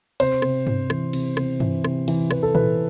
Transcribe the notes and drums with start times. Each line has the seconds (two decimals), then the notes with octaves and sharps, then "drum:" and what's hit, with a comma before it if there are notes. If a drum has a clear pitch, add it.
0.20 C3 C5, drum: cymbal
0.42 C3, drum: rim click
0.67 C3, drum: tom G2
0.90 E3, drum: rim click
1.13 C3, drum: cymbal
1.37 C3, drum: rim click
1.60 E3, drum: tom G2
1.84 C3, drum: rim click
2.08 E3, drum: cymbal
2.31 E3 B4, drum: rim click
2.43 A4
2.55 E3 B4, drum: tom A#2